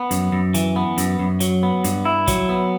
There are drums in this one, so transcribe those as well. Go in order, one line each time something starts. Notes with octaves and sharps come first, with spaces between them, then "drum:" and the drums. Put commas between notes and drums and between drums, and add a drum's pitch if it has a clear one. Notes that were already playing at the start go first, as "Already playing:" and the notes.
Already playing: B3
F#2, drum: hi-hat
F#2
E3, drum: hi-hat
B3
F#2, drum: hi-hat
F#2
F#3, drum: hi-hat
B3
G2, drum: hi-hat
E4
F#3, drum: kick, hi-hat
B3